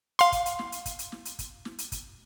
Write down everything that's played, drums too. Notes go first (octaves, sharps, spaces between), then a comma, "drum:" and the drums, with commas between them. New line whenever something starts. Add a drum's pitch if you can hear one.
F5 C6, drum: hi-hat
drum: kick, hi-hat
drum: hi-hat
drum: snare
drum: hi-hat
drum: kick, hi-hat
drum: hi-hat
drum: snare
drum: hi-hat
drum: kick, hi-hat
drum: snare
drum: hi-hat
drum: kick, hi-hat